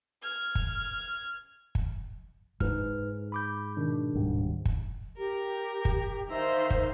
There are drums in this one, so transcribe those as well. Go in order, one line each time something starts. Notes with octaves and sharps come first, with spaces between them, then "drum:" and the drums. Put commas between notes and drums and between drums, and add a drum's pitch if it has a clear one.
F6 G#6
drum: kick
drum: kick
G#2 D#4 B4 F6, drum: kick
B5 D6 G6
B2 D#3 D4
D1 G#2 G3
drum: kick
G4 A#4
drum: kick
D#3 C5 E5 F5 A#5 E6
drum: kick